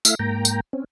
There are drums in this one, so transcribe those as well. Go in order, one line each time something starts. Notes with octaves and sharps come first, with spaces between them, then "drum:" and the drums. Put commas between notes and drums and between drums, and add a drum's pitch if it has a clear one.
A3 E4 E5 F5, drum: tambourine
G#2 A#3 G5 A#5
drum: tambourine
C4 C#4